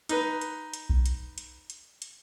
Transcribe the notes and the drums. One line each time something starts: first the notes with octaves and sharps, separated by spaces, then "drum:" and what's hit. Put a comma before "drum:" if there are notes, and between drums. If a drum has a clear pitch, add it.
D#4 B4, drum: hi-hat
drum: hi-hat
drum: hi-hat
drum: kick B1
drum: hi-hat
drum: hi-hat
drum: hi-hat
drum: hi-hat